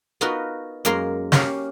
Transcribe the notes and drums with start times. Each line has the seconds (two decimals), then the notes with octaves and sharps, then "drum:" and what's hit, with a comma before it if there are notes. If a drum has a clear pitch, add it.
0.21 B3 D#4 F4 F#4 A#4 B4
0.85 F#2 G#3 A#3 A#4 F5 C6, drum: hi-hat
1.32 A#3 C#4 G4 F5, drum: snare